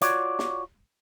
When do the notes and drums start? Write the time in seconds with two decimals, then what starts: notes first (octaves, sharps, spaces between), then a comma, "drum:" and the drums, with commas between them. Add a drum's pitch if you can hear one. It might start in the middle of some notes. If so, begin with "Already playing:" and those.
0.01 F4 F#4 C#5 D5, drum: hi-hat
0.39 drum: snare